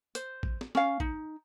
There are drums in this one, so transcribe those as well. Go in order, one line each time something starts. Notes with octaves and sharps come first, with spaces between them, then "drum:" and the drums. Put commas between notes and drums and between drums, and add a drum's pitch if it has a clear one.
C5, drum: hi-hat
drum: kick
drum: snare
C#4 F5, drum: snare
D#4, drum: kick